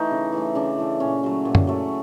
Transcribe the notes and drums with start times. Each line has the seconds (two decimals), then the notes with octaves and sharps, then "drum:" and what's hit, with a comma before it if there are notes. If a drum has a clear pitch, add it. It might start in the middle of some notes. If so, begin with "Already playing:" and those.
Already playing: E3 A3 D#4
0.11 C#3
0.32 E3 A3
0.55 C#3 D4
0.78 E3 A3
1.00 A#2 C#4
1.23 F#3 A3
1.45 A#2
1.55 drum: tom F#2
1.67 F#3 A3